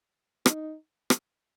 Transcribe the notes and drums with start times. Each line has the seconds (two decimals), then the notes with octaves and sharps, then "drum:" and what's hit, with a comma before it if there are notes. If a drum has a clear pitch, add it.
0.46 D#4, drum: rim click
1.10 drum: rim click